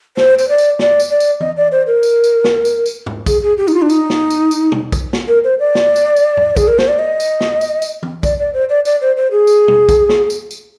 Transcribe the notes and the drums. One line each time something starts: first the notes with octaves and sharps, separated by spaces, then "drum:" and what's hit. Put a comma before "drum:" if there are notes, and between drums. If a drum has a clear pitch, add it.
C5, drum: snare
C5, drum: tambourine
D5
drum: tambourine
D5, drum: snare
drum: tambourine
D5
drum: tambourine
D#5, drum: tom E3
D5
C5
A#4
drum: tambourine
drum: tambourine
drum: snare
drum: tambourine
drum: tambourine
drum: tom G#2
G#4, drum: kick, tambourine
G#4
G4
D#4, drum: tambourine
F4
D4
D#4, drum: tambourine
drum: snare
drum: tambourine
drum: tambourine
drum: tom
drum: kick, tambourine
drum: snare
A#4
C5
D5
drum: snare
drum: tambourine
drum: tambourine
drum: tom G#2
G#4, drum: kick, tambourine
A#4
C5, drum: snare
D5
D#5
drum: tambourine
drum: snare
drum: tambourine
drum: tambourine
drum: tom E3
D5, drum: kick, tambourine
D5
C5
D5
D5, drum: tambourine
C5
C5
G#4
drum: tambourine
drum: tom
drum: kick, tambourine
drum: snare
drum: tambourine
drum: tambourine